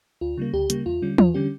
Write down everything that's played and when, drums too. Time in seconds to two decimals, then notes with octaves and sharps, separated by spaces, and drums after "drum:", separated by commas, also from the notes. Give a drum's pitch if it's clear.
0.21 D2 F4
0.38 C#3 G3 A#3
0.54 D2 G4
0.70 C#3 G3 A#3, drum: hi-hat
0.86 E2 F4
1.02 D3 G3 C#4
1.18 E2 F4, drum: tom E3
1.34 D3 G3 C#4 G4